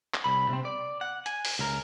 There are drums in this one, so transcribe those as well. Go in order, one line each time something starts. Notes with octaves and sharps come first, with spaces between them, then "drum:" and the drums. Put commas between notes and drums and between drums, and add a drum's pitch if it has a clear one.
drum: clap
C2 B5
C3 C4
D5
F#5
G#5, drum: hi-hat
drum: open hi-hat
C#2 A#4